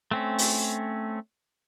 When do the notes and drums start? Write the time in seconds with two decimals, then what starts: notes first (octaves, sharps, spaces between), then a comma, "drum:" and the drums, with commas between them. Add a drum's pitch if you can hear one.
0.11 A3 C4 C#4
0.38 drum: open hi-hat